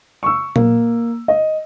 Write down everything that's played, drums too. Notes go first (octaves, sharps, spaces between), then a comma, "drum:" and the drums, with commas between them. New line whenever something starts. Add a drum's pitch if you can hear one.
C#6 E6
A#3, drum: tom A#2
D#5